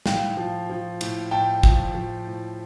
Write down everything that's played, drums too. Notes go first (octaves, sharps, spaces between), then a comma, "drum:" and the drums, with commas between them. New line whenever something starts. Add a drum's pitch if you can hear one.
A2 F5 G5, drum: snare
F3
F3
A2, drum: cymbal
A2 G5 A5
F3, drum: kick
F3
A2